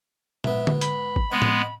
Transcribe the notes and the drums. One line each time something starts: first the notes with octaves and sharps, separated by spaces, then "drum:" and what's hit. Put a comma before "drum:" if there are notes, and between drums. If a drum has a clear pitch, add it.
G#2 B3 E5, drum: tom
drum: tom D3
B5, drum: hi-hat
drum: kick G#1
G#3 B3 C4
drum: tom A2